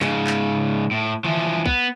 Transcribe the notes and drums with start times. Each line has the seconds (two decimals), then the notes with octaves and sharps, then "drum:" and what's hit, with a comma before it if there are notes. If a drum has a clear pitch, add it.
0.01 G#2 C#3, drum: snare
0.27 drum: clap
0.91 A2
1.25 E3 F3, drum: tom D3
1.66 B3, drum: kick